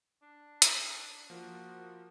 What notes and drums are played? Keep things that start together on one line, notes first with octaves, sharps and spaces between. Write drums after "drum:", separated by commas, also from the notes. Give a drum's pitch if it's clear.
D4
drum: hi-hat
F3 A#3 F#4 A#4